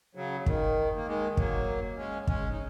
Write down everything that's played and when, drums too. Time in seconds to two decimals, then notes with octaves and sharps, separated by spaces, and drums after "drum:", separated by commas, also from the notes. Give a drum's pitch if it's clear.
0.15 C#3 F#3
0.46 D#3, drum: kick
0.95 A#3
1.06 D#3 G#3
1.37 F#3 A#3, drum: kick
1.97 G#3 C#4
2.27 G#3 C#4, drum: kick
2.52 D#4